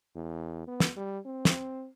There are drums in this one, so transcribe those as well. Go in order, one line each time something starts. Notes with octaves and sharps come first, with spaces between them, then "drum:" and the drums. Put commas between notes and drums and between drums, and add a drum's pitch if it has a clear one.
E2
B3
drum: snare
G3
C4
drum: snare